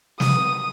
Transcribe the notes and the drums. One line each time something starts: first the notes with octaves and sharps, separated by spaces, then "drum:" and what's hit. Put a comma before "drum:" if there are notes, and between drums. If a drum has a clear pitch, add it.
D#6, drum: snare